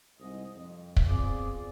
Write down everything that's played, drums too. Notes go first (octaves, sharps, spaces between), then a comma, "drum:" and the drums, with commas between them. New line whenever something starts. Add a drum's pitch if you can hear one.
C2 G#2 D#5
F2
drum: kick
B3 C4 F4 G#4 D5